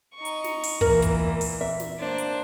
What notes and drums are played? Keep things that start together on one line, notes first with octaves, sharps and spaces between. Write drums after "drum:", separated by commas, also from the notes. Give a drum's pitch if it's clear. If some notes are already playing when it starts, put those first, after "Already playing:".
D#4 C#6
drum: hi-hat
drum: snare
drum: open hi-hat
E2 A#2 E3 A#4, drum: kick
drum: kick, hi-hat
drum: open hi-hat
E5
drum: snare
A#3 D4 C5
drum: hi-hat